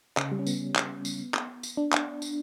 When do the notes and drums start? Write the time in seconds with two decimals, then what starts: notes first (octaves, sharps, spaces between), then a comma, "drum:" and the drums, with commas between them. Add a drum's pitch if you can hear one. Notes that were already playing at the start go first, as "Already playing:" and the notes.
0.17 C#3, drum: clap
0.32 G3
0.39 C#4
0.47 B3, drum: tambourine
0.76 drum: clap
1.05 drum: tambourine
1.34 drum: clap
1.63 drum: tambourine
1.77 D4
1.93 drum: clap
2.22 drum: tambourine